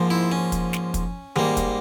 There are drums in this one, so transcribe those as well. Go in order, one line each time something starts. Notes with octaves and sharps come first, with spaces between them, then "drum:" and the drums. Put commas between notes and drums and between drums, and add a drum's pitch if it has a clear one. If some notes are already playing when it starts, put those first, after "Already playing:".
Already playing: G#2 F3 A#3
E4
C#4
drum: kick, hi-hat
drum: snare
drum: kick, hi-hat
G#2 G3 A#3, drum: tom D#3
drum: kick, hi-hat